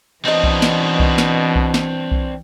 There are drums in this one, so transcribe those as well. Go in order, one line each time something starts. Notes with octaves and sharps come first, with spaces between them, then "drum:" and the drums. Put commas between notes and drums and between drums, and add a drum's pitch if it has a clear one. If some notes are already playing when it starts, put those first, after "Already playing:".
B2 E3 C4 D4 D#4 D#5
drum: kick B1
drum: snare
drum: kick B1
drum: snare
drum: kick B1
drum: snare
drum: kick B1